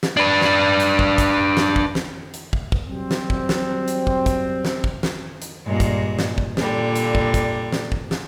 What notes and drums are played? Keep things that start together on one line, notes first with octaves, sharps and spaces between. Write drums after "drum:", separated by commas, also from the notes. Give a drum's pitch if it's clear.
drum: snare
D4 B4
drum: snare
drum: hi-hat
drum: kick
drum: kick, hi-hat
drum: snare
drum: kick
drum: snare
drum: hi-hat
drum: kick
drum: kick
F#3 G3 C4
drum: snare
drum: kick
drum: snare
drum: hi-hat
drum: kick
drum: kick, hi-hat
drum: snare
drum: kick
drum: snare
drum: hi-hat
G2 A#2 G#3
drum: kick, hi-hat
drum: snare
drum: kick
A#2 D3 G3, drum: snare
drum: hi-hat
drum: kick
drum: kick, hi-hat
drum: snare
drum: kick
drum: snare